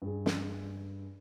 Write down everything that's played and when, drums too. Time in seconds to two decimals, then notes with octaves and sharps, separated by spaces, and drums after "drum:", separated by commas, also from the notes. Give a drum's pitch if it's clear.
0.02 G2 G#4
0.26 drum: snare